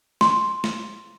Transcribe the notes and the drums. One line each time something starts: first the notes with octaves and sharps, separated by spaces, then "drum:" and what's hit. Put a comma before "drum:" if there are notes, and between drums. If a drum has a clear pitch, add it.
C6, drum: snare
drum: snare